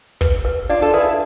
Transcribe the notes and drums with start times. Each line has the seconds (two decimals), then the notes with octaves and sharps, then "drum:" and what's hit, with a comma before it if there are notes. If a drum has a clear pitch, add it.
0.21 B4, drum: kick
0.45 B4
0.69 D4 F4 D5
0.82 F4 A4
0.93 E4 G#4 B4